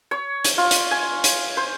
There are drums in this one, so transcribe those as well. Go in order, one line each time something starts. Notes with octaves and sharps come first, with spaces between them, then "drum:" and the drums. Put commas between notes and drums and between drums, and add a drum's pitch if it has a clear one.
C#5
drum: hi-hat
F4
drum: hi-hat
G#5
drum: hi-hat
C5